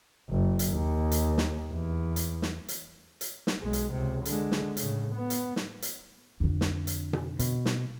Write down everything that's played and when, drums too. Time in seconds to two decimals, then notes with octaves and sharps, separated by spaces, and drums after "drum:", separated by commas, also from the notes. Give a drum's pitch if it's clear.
0.30 F#1
0.59 drum: hi-hat
0.71 D#2
1.11 drum: hi-hat
1.38 drum: snare
1.72 E2
2.16 drum: hi-hat
2.42 drum: snare
2.68 drum: hi-hat
3.21 drum: hi-hat
3.47 drum: snare
3.61 B1 G#3
3.73 drum: hi-hat
3.93 C#2 C3
4.25 D3 G#3, drum: hi-hat
4.52 drum: snare
4.77 A2 C#3, drum: hi-hat
5.15 B3
5.30 drum: hi-hat
5.56 drum: snare
5.82 drum: hi-hat
6.40 F2 D3
6.61 drum: snare
6.87 drum: hi-hat
7.13 drum: tom B2
7.39 B2, drum: hi-hat
7.66 drum: snare